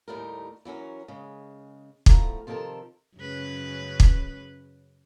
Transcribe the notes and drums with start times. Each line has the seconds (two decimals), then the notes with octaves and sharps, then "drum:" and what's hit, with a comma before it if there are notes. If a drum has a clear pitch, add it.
0.08 D#2 A2 G3 A3 D#4 A#4
0.65 E3 F#3 C#4 A#4
1.08 C#3 G#3
2.06 E2 F3 A3 A#5, drum: kick
2.47 C3 D#3 F3 A4 A#4 A5
3.17 F#2 C#3 B4
4.00 drum: kick